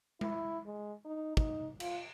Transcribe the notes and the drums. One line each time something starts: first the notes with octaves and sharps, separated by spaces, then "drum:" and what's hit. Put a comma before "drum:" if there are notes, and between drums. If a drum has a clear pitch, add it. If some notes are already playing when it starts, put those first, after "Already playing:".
E4, drum: tom G#3
G#3
D#4
D#4, drum: kick
F4, drum: cymbal